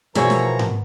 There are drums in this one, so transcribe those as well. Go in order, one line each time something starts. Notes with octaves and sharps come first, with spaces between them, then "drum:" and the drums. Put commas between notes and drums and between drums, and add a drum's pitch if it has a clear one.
B2 E3 F3 G#4 A#4 C#5 A#5, drum: snare
drum: snare
drum: tom G#2